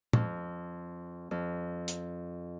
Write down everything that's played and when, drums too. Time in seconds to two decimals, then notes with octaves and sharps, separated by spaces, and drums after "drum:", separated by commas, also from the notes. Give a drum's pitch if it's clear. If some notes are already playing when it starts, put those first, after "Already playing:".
0.13 F2, drum: tom
1.31 F2
1.88 drum: hi-hat